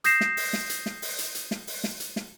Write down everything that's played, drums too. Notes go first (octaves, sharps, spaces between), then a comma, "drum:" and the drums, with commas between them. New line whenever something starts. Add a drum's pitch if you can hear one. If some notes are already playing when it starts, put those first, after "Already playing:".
D#6 G6 A#6 C7 E7, drum: hi-hat
drum: snare
drum: open hi-hat
drum: snare
drum: hi-hat
drum: snare
drum: open hi-hat
drum: hi-hat
drum: hi-hat
drum: snare
drum: open hi-hat
drum: snare
drum: hi-hat
drum: snare